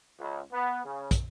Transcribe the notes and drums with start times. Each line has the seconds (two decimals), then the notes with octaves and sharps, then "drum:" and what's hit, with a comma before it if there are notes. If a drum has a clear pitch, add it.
0.19 C#2
0.52 B3
0.85 C#3
1.11 drum: kick, hi-hat